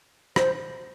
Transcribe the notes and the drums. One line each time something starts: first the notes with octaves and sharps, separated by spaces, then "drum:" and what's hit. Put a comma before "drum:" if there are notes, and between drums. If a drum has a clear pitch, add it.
C5, drum: rim click